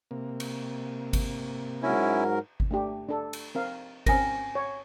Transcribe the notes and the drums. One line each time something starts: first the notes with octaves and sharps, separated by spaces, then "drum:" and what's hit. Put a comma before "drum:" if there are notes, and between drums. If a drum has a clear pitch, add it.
C3 A#3
drum: cymbal
drum: kick G#1, cymbal
G#2 F#3 C#4 E4 A#4
drum: kick G#1
A3 D4 G4
D4 A4
drum: cymbal
C4 A#4 F5
C4 C#4 A#4 G#5 A#6, drum: kick G#1, cymbal
C#5